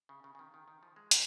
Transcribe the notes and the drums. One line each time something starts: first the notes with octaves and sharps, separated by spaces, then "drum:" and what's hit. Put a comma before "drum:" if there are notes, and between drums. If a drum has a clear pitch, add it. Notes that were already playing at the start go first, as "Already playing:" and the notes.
C#3
C#3
C#3
D#3
D#3
D#3
F3
G#3
drum: hi-hat